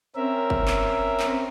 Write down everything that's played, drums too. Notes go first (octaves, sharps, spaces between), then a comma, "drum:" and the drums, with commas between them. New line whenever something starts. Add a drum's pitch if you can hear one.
C4 C#4 A#4 E5
drum: kick F#1
drum: clap
drum: clap